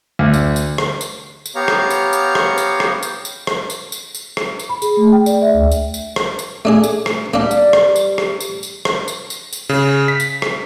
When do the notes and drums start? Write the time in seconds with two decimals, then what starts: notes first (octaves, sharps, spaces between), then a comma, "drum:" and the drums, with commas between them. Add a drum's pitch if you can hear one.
0.19 D2
0.34 drum: tambourine
0.56 drum: tambourine
0.78 drum: rim click
1.01 drum: tambourine
1.46 drum: tambourine
1.55 B3 G4 C#5 F5 A#5
1.68 drum: rim click
1.90 drum: tambourine
2.13 drum: tambourine
2.35 drum: rim click
2.58 drum: tambourine
2.80 drum: rim click
3.03 drum: tambourine
3.25 drum: tambourine
3.47 drum: rim click
3.70 drum: tambourine
3.92 drum: tambourine
4.15 drum: tambourine
4.37 drum: rim click
4.59 drum: tambourine
4.69 B5
4.82 G#4, drum: tambourine
4.97 A3
5.12 G5
5.26 D5, drum: tambourine
5.42 E5
5.54 D2
5.72 drum: tambourine
5.94 drum: tambourine
6.16 drum: rim click
6.39 drum: tambourine
6.65 A3 D4 G#4
6.84 drum: tambourine
7.06 drum: rim click
7.34 G3 A#3 D4
7.51 drum: tambourine
7.73 drum: rim click
7.96 drum: tambourine
8.18 drum: rim click
8.40 drum: tambourine
8.63 drum: tambourine
8.85 drum: rim click
9.08 drum: tambourine
9.30 drum: tambourine
9.53 drum: tambourine
9.69 C#3
10.08 B6
10.20 drum: tambourine
10.42 drum: rim click